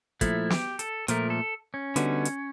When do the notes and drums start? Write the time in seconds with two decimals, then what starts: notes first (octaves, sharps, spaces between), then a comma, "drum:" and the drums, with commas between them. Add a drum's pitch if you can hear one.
0.21 A#2 F3 A3 E4, drum: kick, hi-hat
0.50 G4, drum: snare
0.79 A4, drum: hi-hat
1.08 A#2 F3 A3 A#4, drum: hi-hat
1.30 A4
1.74 C#4
1.96 D3 G3 B3 D#4 F#4, drum: hi-hat
2.25 drum: hi-hat